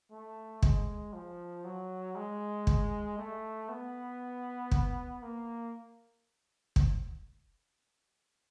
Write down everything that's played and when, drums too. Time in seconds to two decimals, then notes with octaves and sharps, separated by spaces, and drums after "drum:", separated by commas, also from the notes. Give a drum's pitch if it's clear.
0.11 A3
0.62 G#3, drum: kick
1.13 F3
1.65 F#3
2.15 G#3
2.67 drum: kick
3.18 A3
3.69 B3
4.71 drum: kick
5.22 A#3
6.76 drum: kick